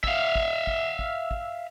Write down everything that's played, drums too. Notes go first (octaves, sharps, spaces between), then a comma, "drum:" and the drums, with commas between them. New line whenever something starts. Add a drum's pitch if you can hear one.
E5 F5, drum: kick
drum: kick
drum: kick
drum: kick
drum: kick